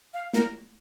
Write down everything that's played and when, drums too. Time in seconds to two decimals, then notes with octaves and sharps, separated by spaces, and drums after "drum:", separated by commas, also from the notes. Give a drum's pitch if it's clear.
0.14 F5
0.33 A#4, drum: snare